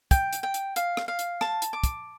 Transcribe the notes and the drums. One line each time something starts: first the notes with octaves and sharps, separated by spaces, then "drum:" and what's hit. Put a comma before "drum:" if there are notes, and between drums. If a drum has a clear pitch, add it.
G5, drum: kick, hi-hat
drum: hi-hat
G5
drum: hi-hat
F5, drum: hi-hat
drum: rim click
F5
drum: hi-hat
A5, drum: rim click
drum: hi-hat
D6
drum: kick, hi-hat